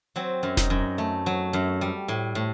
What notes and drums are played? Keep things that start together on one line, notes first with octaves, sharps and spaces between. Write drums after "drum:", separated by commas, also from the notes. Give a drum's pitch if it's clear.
F#3 C4
F#2
D#4, drum: snare E1
F#2
A3
F#3
F#2
G3
A2
A2